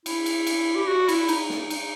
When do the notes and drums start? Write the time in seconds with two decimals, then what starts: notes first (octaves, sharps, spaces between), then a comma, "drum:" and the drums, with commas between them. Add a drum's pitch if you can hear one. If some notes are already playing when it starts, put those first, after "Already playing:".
0.06 E4, drum: cymbal
0.26 drum: cymbal
0.47 drum: cymbal
0.76 G4
0.87 F#4
1.08 E4, drum: cymbal
1.28 D#4, drum: cymbal
1.50 drum: snare
1.70 D#4, drum: cymbal